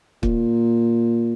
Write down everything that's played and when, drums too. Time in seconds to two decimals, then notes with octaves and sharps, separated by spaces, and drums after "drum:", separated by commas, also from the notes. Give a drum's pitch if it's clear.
0.23 A#2, drum: kick